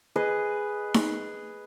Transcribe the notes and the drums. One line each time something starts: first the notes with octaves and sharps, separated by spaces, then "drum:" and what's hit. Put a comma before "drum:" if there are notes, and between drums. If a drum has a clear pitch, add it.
G#4 B4 D#5
drum: snare D#4